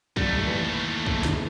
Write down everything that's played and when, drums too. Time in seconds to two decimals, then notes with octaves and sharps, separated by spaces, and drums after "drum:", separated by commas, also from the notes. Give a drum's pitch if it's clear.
0.17 D#2 A2 G3 A3, drum: kick
0.46 E3
1.06 drum: kick
1.24 drum: snare